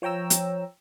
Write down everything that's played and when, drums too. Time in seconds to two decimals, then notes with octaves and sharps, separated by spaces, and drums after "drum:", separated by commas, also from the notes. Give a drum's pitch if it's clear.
0.02 F3 C#5 G5 A#5 E6
0.30 drum: hi-hat